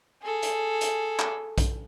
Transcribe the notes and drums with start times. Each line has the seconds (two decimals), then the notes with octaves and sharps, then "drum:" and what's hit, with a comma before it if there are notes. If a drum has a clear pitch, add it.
0.23 G#4 A4
0.43 drum: hi-hat
0.81 drum: hi-hat
1.19 drum: clap
1.58 drum: kick A#1, hi-hat